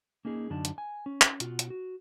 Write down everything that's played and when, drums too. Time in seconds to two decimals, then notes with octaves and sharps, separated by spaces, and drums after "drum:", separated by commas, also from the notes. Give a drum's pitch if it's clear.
0.25 A#3 C#4 D#4 G#4
0.50 F#2 D3 D4 D#4 A5
0.65 drum: hi-hat
0.78 G#5
1.06 C#4
1.21 drum: clap
1.40 B2 F4 F#4, drum: hi-hat
1.59 drum: hi-hat
1.70 F#4